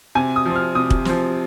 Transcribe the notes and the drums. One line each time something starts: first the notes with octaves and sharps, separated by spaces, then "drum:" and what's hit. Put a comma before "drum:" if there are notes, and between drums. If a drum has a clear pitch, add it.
C3 G#5
D#6
F3 C4
F6
C3 D#6
drum: kick
F3 C4, drum: snare